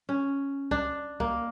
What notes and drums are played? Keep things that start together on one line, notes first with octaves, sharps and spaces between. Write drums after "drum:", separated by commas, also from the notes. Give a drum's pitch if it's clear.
C#4
D4, drum: kick C2
A#3, drum: kick C2